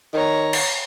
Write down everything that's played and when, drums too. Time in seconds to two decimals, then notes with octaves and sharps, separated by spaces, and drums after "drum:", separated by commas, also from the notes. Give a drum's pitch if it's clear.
0.14 D#3 C#5 A#5
0.53 drum: cymbal